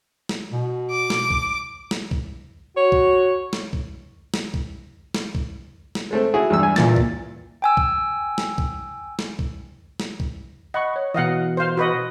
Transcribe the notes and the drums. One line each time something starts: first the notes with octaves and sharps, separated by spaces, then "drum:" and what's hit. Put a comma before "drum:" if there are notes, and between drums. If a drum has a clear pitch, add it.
drum: snare
B2
D6
drum: snare
drum: kick B1
drum: snare
drum: kick B1
F#4 C#5
drum: kick B1
drum: snare
drum: kick B1
drum: snare
drum: kick B1
drum: snare
drum: kick B1
drum: snare
G#3 A3 C4
E4 F#4 G#4
E2 G2 E6
G#5
A#2 E3 A6, drum: snare
drum: kick B1
G5 G#5 E6
drum: kick B1
drum: snare
drum: kick B1
drum: snare
drum: kick B1
drum: snare
drum: kick B1
D#5 F#5 B5 C#6
C#5
B2 E3 D#5 F5 F#5
C5 F5
F#4 B4 D#5